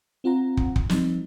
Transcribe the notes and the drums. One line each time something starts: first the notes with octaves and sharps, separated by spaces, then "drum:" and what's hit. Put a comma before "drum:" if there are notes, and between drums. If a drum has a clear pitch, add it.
C4 F4 F#5 A#5
drum: kick
drum: kick
F3 G3 C4 D#4, drum: snare